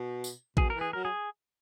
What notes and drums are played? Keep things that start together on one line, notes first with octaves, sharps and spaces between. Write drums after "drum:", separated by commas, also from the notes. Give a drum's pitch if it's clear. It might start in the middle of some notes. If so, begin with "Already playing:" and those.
Already playing: B2
drum: tambourine
B2 G#4, drum: kick
A#4
E3
G#4
F#3 A#4
G#4